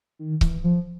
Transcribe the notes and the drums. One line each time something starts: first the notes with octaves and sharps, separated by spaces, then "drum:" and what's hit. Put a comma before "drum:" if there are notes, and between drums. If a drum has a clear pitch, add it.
D#3
E3, drum: kick C#1
F3